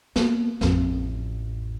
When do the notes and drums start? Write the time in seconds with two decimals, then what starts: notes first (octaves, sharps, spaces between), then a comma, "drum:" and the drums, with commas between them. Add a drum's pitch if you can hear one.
0.16 A#3 B3, drum: snare
0.61 A1 F2, drum: snare